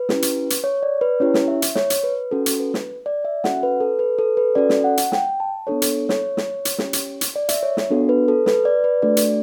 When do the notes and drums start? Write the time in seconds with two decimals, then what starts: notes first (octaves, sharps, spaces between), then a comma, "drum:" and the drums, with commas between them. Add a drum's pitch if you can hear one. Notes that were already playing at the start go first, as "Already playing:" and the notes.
Already playing: B4
0.09 C#4 E4 G4, drum: snare
0.22 drum: hi-hat
0.50 drum: hi-hat
0.64 C#5
0.83 D5
1.01 B4
1.20 C#4 E4 G4 C#5
1.34 drum: snare
1.48 E5
1.62 drum: hi-hat
1.75 C#5, drum: snare
1.90 drum: hi-hat
2.03 B4
2.31 C#4 F#4 A4
2.46 drum: hi-hat
2.60 B4
2.74 drum: snare
3.06 D5
3.25 E5
3.44 C#4 F#4 A4 F#5, drum: snare
3.63 B4
3.80 A4
3.99 B4
4.19 A4
4.37 B4
4.55 C#4 F#4 A4 D5
4.70 drum: snare
4.84 F#5
4.97 drum: hi-hat
5.12 G5, drum: snare
5.40 A5
5.67 B3 D4 A4 C#5
5.82 A4, drum: hi-hat
6.09 C#5, drum: snare
6.37 drum: snare
6.65 drum: hi-hat
6.79 C#4 G4, drum: snare
6.93 drum: hi-hat
7.21 drum: hi-hat
7.36 D5
7.49 E5, drum: hi-hat
7.63 C#5
7.77 drum: snare
7.90 B3 D4 F#4 A4
8.09 B4
8.28 A4
8.46 B4, drum: snare
8.65 D5
8.84 B4
9.02 A3 D4 F#4 A4 D5
9.17 drum: hi-hat